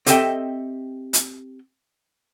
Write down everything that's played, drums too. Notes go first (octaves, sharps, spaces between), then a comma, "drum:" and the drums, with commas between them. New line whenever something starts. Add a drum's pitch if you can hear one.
C4 G4 A4 D#5 E5 G5, drum: hi-hat
drum: hi-hat